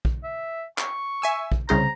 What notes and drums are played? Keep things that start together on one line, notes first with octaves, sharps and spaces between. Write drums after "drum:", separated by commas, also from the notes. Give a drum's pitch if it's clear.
drum: kick A#1
E5
C#6, drum: clap
E5 G#5 E6
drum: kick A#1
C2 C#3 C5 A#5